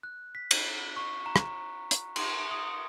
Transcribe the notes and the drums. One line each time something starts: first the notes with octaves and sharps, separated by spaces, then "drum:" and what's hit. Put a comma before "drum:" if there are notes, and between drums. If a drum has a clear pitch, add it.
F#6
B6
drum: cymbal
C#6
A#5
drum: rim click
drum: hi-hat
C6, drum: cymbal
D#6